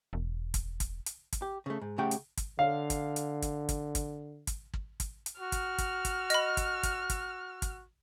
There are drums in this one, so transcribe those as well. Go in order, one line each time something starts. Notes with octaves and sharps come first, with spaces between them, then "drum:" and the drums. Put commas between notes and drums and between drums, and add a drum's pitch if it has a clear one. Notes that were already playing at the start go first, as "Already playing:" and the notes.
E1
drum: kick, hi-hat
drum: kick, hi-hat
drum: hi-hat
drum: kick, hi-hat
G4
C#3 A3
G#2
C#3 A3 G4 F#5 G5
drum: hi-hat
drum: kick, hi-hat
D3 F5
drum: kick, hi-hat
drum: hi-hat
drum: kick, hi-hat
drum: kick, hi-hat
drum: kick, hi-hat
drum: kick, hi-hat
drum: kick
drum: kick, hi-hat
drum: hi-hat
F#4 F6
drum: kick, hi-hat
drum: kick, hi-hat
drum: kick, hi-hat
D#5 B5, drum: hi-hat
drum: kick, hi-hat
drum: kick, hi-hat
drum: kick, hi-hat
drum: kick, hi-hat